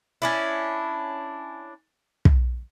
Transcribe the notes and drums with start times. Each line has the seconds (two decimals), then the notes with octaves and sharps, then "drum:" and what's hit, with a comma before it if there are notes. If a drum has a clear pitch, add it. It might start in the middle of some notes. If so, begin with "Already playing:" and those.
0.22 C#4 D4 E4
2.25 drum: kick